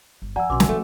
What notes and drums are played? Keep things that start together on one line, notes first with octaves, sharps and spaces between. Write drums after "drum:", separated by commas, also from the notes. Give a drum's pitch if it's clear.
G1
F3 D5 F#5 G#5 A#5 E6
B1 B2 C#4 F#4 B4 C6 D6
drum: snare
F3 A3